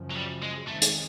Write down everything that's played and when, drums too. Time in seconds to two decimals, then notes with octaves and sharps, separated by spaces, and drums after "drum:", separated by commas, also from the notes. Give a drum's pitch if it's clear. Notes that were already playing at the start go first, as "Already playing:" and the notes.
Already playing: F#2 C#3 F3
0.11 F#3
0.15 G3
0.42 G#3
0.68 F2 C3 D#3 G#3 A3
0.82 drum: hi-hat